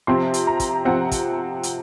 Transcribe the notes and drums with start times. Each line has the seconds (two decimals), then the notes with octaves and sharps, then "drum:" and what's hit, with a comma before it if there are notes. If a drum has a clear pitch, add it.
0.07 C3 F3 C4 C6
0.34 drum: hi-hat
0.47 A#5
0.60 drum: kick, hi-hat
0.85 C3 F3 C4 F#5
1.11 drum: kick, hi-hat
1.63 drum: hi-hat